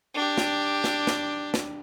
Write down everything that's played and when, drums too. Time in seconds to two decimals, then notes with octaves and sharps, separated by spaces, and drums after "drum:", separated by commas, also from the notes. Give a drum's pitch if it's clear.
0.14 D4 G4
0.38 drum: snare
0.84 drum: snare
1.07 drum: snare
1.54 drum: snare